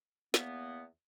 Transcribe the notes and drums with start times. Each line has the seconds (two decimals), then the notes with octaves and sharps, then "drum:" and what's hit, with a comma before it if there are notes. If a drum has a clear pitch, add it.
0.34 E2 A#3 B3, drum: snare